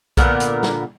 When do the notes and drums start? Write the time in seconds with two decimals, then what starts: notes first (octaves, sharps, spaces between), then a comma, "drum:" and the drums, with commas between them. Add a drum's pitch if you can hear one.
0.17 A#2 D3 B3 A#4, drum: kick B1, hi-hat
0.40 drum: hi-hat
0.63 drum: snare